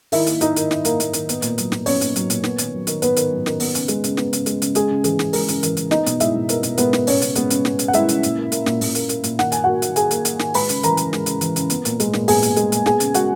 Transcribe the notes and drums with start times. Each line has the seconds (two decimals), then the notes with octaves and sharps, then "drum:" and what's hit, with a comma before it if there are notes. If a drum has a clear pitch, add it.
0.12 D#3 E4 E5, drum: open hi-hat
0.27 A#3, drum: hi-hat
0.41 A#3 D#4 D#5, drum: hi-hat
0.56 D#3, drum: hi-hat
0.71 D#3, drum: snare
0.85 A#3, drum: hi-hat
1.00 A#3, drum: hi-hat
1.14 D#3, drum: hi-hat
1.29 B3, drum: hi-hat
1.42 A#2, drum: hi-hat
1.58 F#3, drum: hi-hat
1.72 A#2, drum: snare
1.86 B3 C#4 C#5, drum: open hi-hat
2.01 A#2, drum: hi-hat
2.16 F#3, drum: hi-hat
2.30 A#2, drum: hi-hat
2.44 B3, drum: snare
2.58 D#3, drum: hi-hat
2.74 F#3
2.87 D#3, drum: hi-hat
3.02 B3 B4, drum: hi-hat
3.17 D#3, drum: hi-hat
3.31 F#3
3.46 D#3, drum: snare
3.60 B3, drum: open hi-hat
3.75 C#3, drum: hi-hat
3.88 G#3, drum: hi-hat
4.04 C#3, drum: hi-hat
4.17 B3, drum: snare
4.33 C#3, drum: hi-hat
4.46 G#3, drum: hi-hat
4.62 C#3, drum: hi-hat
4.75 G#3 G#4, drum: hi-hat
4.91 C#3
5.04 E3 G#4, drum: hi-hat
5.19 C#3, drum: snare
5.33 G#3 A#4, drum: open hi-hat
5.49 C#3, drum: hi-hat
5.63 E3 A#4, drum: hi-hat
5.77 C#3, drum: hi-hat
5.91 B3 D#4 D#5, drum: snare
6.07 B2, drum: hi-hat
6.20 G#3 E4 E5, drum: hi-hat
6.35 B2
6.49 B3 A#4, drum: hi-hat
6.63 B2, drum: hi-hat
6.78 G#3 B3 B4, drum: hi-hat
6.93 B2, drum: snare
7.07 B3 C#4 C#5, drum: open hi-hat
7.22 C#3, drum: hi-hat
7.36 G#3 B3 B4, drum: hi-hat
7.50 C#3, drum: hi-hat
7.65 B3, drum: snare
7.79 C#3, drum: hi-hat
7.88 F#5
7.93 G#3 E4 E5, drum: hi-hat
8.09 C#3, drum: hi-hat
8.23 A#2, drum: hi-hat
8.38 A#3
8.52 A#3, drum: hi-hat
8.66 A#2, drum: snare
8.81 A#2, drum: open hi-hat
8.95 A#3, drum: hi-hat
9.09 A#3, drum: hi-hat
9.24 A#2, drum: hi-hat
9.39 D#3 F#5, drum: snare
9.52 A#3 G#5, drum: hi-hat
9.64 A#3 F#4 F#5
9.82 D#3, drum: hi-hat
9.96 D#3 G#4 G#5, drum: hi-hat
10.11 A#3, drum: hi-hat
10.25 A#3, drum: hi-hat
10.39 D#3, drum: snare
10.54 G#3 B4 B5, drum: open hi-hat
10.69 C#3, drum: hi-hat
10.83 E3 A#4 A#5, drum: hi-hat
10.97 C#3, drum: hi-hat
11.13 G#3, drum: snare
11.26 C#3, drum: hi-hat
11.41 E3, drum: hi-hat
11.56 C#3, drum: hi-hat
11.70 B3, drum: hi-hat
11.85 A#2, drum: hi-hat
12.00 G#3, drum: hi-hat
12.13 A#2, drum: snare
12.28 B3 G#4 G#5, drum: open hi-hat
12.43 A#2, drum: hi-hat
12.56 G#3, drum: hi-hat
12.72 A#2, drum: hi-hat
12.86 B3 G#4 G#5, drum: snare
13.00 C#3, drum: hi-hat
13.14 G#3 F#4 F#5, drum: hi-hat